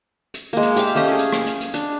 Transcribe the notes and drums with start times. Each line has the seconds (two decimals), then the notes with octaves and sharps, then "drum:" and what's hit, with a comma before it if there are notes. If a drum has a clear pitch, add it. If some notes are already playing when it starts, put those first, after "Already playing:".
0.34 drum: hi-hat
0.53 G#3 A#3
0.62 drum: hi-hat
0.76 G4 D5 E5 F5, drum: hi-hat
0.95 A3 C#4 G4 D#5
1.08 C#4 G#4
1.18 drum: hi-hat
1.33 drum: rim click
1.47 drum: hi-hat
1.61 drum: hi-hat
1.74 D4, drum: hi-hat